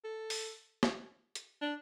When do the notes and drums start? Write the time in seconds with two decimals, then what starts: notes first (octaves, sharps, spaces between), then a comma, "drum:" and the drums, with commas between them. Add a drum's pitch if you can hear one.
0.04 A4
0.30 drum: open hi-hat
0.83 drum: snare
1.35 drum: hi-hat
1.62 D4